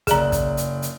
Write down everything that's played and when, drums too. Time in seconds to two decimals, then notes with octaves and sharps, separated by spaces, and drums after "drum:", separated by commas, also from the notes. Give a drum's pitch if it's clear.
0.07 F#1 G#4 D5 A#5 F#6, drum: kick, hi-hat
0.32 drum: kick, hi-hat
0.57 drum: hi-hat
0.82 drum: hi-hat